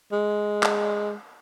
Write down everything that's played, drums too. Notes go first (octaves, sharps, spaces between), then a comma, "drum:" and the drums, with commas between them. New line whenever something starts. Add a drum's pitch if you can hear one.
G#3
drum: clap